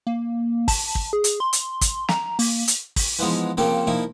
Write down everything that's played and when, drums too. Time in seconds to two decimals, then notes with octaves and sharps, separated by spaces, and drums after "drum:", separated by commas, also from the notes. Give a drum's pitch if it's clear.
0.07 A#3
0.68 A5, drum: kick, open hi-hat
0.95 drum: kick
1.13 G#4
1.24 drum: hi-hat
1.40 C6
1.53 drum: hi-hat
1.81 drum: kick, hi-hat
2.09 A#5, drum: snare
2.39 A#3, drum: open hi-hat
2.68 drum: hi-hat
2.96 drum: kick, open hi-hat
3.19 E3 F3 G#3 B3 D#4
3.57 C#3 F3 A#3 C4 G4 A4
3.87 F3 A#3 D#4 E4